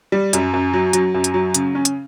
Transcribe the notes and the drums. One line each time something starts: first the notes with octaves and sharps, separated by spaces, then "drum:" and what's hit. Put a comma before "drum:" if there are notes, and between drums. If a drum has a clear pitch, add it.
G3
F#2, drum: hi-hat
F#2
F#3
F#3, drum: hi-hat
F#2
drum: hi-hat
F#3
C#3, drum: hi-hat
C#4
drum: hi-hat